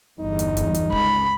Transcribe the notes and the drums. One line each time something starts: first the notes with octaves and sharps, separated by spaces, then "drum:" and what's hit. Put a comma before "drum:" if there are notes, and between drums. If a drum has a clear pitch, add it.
G1 E2 G2 D#4
drum: hi-hat
drum: kick, hi-hat
drum: hi-hat
C#2 B5, drum: kick